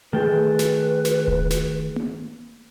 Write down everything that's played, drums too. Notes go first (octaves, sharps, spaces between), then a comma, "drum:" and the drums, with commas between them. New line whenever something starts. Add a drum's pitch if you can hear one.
D#3 A3 G#4 B4 G5 A5
drum: snare
drum: snare
drum: kick D#1
drum: snare
drum: tom A#3